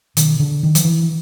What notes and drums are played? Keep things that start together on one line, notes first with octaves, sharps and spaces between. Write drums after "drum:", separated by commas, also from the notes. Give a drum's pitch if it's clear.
B2 D#3, drum: hi-hat
D3
D#3
F3, drum: hi-hat
E3